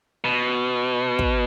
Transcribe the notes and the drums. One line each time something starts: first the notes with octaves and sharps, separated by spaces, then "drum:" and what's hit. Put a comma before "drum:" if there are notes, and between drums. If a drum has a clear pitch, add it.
B2
drum: kick